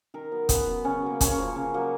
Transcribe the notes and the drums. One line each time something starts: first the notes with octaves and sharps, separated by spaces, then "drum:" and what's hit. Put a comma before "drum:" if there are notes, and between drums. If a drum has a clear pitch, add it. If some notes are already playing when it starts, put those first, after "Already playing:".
D#3 A#4
F#3 B3
C#3 B3, drum: kick, hi-hat
F#3 B3
C#3 C#4
F#3 A#3
C#3 C#4, drum: kick, hi-hat
F3 A#3
C#3
F#3 A#3